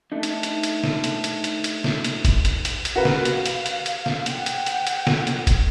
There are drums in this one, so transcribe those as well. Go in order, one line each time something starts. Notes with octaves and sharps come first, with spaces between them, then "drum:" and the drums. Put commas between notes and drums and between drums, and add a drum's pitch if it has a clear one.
A3 D4 D#4
drum: hi-hat
drum: hi-hat
drum: hi-hat
drum: snare
drum: hi-hat
drum: hi-hat
drum: hi-hat
drum: hi-hat
drum: snare
drum: hi-hat
drum: kick F#1, hi-hat
drum: hi-hat
drum: hi-hat
drum: hi-hat
F#4 A#4 B4 F5
drum: snare
drum: hi-hat
drum: hi-hat
drum: hi-hat
drum: hi-hat
drum: snare
F#5 G5, drum: hi-hat
drum: hi-hat
drum: hi-hat
drum: hi-hat
drum: snare
drum: hi-hat
drum: kick F#1, hi-hat